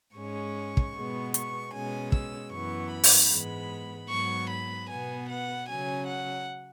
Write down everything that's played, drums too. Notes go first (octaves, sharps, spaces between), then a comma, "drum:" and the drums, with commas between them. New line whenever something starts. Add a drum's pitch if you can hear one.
G#2 G#3 C#4 C#6
drum: kick
B2 G#3 B3
C#6, drum: hi-hat
B2 G#3 C#4 G#5
E6, drum: kick
F#2 E3 B3 C#6
B5
drum: open hi-hat
G#2 E3 G#3 B3
G#2 F#3 B3 C#6
B5
B2 B3 G#5
F#5
C#3 F#3 C#4 G#5
F#5